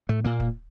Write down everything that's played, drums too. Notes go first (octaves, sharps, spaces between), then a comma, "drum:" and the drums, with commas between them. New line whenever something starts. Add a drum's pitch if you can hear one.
A2 A3
A#2 A#3
drum: kick